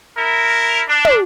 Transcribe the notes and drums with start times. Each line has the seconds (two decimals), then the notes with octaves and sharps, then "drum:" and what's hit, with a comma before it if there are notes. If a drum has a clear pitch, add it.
0.17 E4 A#4
0.89 D4
1.05 drum: tom